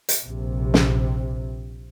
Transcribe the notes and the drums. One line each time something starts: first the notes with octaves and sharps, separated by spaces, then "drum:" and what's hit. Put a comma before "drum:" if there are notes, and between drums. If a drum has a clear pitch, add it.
drum: hi-hat
A#1 C3
drum: snare